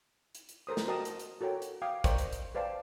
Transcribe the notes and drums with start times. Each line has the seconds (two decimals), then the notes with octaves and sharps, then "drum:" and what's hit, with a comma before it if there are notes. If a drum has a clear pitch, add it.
0.35 drum: hi-hat
0.49 drum: hi-hat
0.67 A4 A#4 C5 D#6
0.77 drum: snare
0.87 F#4 A#4 D#5 G5 A5 D#6
1.05 drum: hi-hat
1.19 drum: hi-hat
1.41 F#4 A4 A#4 C#5 G5
1.62 drum: hi-hat
1.82 F5 G5 D6 D#6
2.04 A#4 C5 D5 D#5 G5 C#6, drum: kick, hi-hat
2.18 drum: hi-hat
2.33 drum: hi-hat
2.55 B4 C5 D5 F5 G5 A5